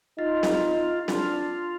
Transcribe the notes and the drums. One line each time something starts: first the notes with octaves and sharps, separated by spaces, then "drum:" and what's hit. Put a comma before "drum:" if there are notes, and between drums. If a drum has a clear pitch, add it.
D#4 F4
drum: snare C4
D4 F4, drum: snare C4